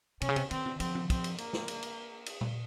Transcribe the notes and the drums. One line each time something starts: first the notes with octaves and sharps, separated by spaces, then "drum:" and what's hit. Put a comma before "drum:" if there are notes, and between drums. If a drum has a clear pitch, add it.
C3 C#4, drum: cymbal
C#3
C3, drum: cymbal
D#3 C4, drum: cymbal
drum: tom
F3 C4, drum: cymbal
drum: tom
C4, drum: kick, cymbal
drum: cymbal
A#3, drum: cymbal
drum: snare
drum: cymbal
drum: cymbal
drum: cymbal
drum: tom A#2